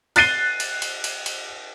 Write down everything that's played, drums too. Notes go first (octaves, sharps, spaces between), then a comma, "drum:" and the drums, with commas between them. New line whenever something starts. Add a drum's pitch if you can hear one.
F#6 A6 C7 D#7 G7, drum: cymbal
drum: cymbal
drum: cymbal
drum: cymbal
drum: cymbal